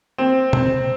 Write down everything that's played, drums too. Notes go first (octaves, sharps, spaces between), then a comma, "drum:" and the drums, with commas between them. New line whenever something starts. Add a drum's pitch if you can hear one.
C4
C4, drum: tom